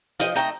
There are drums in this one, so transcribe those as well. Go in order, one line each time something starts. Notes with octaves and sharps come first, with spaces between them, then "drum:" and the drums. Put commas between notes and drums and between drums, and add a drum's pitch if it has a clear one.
F3 D#5 G5, drum: hi-hat
A3 D#4 G5 A#5